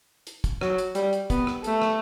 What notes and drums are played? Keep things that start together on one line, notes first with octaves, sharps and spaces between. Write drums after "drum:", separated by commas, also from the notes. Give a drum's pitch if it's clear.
drum: hi-hat
drum: kick, hi-hat
F#3, drum: rim click
drum: hi-hat
G3, drum: hi-hat
drum: hi-hat
B3, drum: kick, hi-hat
drum: rim click
A3, drum: hi-hat
drum: rim click